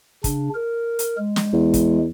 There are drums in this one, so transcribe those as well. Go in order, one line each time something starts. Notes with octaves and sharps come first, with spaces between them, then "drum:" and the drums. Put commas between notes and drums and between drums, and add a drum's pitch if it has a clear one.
C#3 D4, drum: kick, hi-hat
A#4
drum: hi-hat
G#3
drum: snare
E2
drum: kick, hi-hat